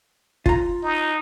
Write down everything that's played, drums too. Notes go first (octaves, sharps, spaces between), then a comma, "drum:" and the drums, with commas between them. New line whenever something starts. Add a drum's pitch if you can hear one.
F4 A#5, drum: kick
D#4